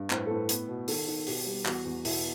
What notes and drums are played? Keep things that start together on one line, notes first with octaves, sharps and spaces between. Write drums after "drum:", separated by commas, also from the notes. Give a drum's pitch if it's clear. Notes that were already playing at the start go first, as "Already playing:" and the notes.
Already playing: G2
A2 C5, drum: clap
B4
A4
A2 B4
B3 B4, drum: hi-hat
B2
D#3 A4, drum: open hi-hat
D#3
B2 G4, drum: open hi-hat
G3
E2 F#4, drum: clap
E2
B2 E4, drum: open hi-hat